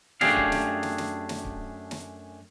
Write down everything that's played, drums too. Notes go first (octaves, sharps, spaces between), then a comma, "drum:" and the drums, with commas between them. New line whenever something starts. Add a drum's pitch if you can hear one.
F#2 A3 D4 G4 G#4 F5, drum: snare
drum: kick C#1
drum: snare
drum: snare
drum: snare
drum: snare
drum: kick C#1
drum: snare